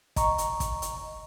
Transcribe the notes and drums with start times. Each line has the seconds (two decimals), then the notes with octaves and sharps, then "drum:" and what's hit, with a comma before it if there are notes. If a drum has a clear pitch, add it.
0.16 D#5 A#5 C#6, drum: kick, hi-hat
0.38 drum: hi-hat
0.60 drum: kick, hi-hat
0.82 drum: hi-hat